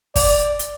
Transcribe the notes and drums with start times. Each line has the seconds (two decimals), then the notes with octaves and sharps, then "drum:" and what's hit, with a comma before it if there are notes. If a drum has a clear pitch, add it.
0.16 D5, drum: kick, open hi-hat
0.59 drum: hi-hat